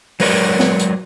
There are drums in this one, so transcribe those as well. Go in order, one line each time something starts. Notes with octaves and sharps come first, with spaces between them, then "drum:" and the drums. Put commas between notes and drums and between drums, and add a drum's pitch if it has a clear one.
F#3 G#3 A#4 B4 C#5 D5, drum: open hi-hat
drum: snare B3
drum: hi-hat